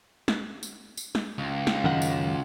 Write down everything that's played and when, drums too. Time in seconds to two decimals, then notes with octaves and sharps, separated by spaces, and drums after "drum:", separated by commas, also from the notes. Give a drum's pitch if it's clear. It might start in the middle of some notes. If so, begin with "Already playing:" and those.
0.28 drum: snare
0.63 drum: tambourine
0.97 drum: tambourine
1.15 drum: snare
1.38 C#2
1.67 drum: snare
1.84 F#2 D#3 F#5
2.02 drum: tambourine